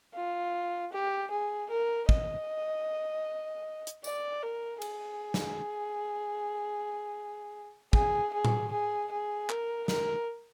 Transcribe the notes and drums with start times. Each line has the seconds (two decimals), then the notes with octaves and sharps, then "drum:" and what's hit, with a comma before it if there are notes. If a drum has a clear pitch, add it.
0.14 F4
0.92 G4
1.31 G#4
1.69 A#4
2.09 D#5, drum: kick
3.87 drum: hi-hat
4.04 D5, drum: tambourine
4.43 A#4
4.82 G#4, drum: cymbal
5.34 drum: snare
7.93 G#4, drum: kick
8.33 G#4
8.45 drum: tom A2
8.71 G#4
9.11 G#4
9.49 A#4, drum: clap
9.88 A#4, drum: snare